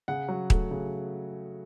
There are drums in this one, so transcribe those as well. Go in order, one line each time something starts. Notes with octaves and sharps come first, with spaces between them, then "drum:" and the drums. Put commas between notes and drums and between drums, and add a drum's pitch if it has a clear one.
C#3 F#5
F#3
A3, drum: kick D#1
C#3